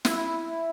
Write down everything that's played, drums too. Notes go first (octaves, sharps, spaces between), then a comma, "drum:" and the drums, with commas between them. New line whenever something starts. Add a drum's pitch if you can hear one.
E4, drum: snare